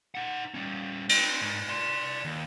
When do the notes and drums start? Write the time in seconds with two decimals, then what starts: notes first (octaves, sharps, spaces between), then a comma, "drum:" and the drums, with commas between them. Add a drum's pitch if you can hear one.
0.15 D#4 F#5
0.54 G3 C#4
1.09 C4 C5, drum: cymbal
1.41 G#2
1.69 D5 C6
2.25 D#2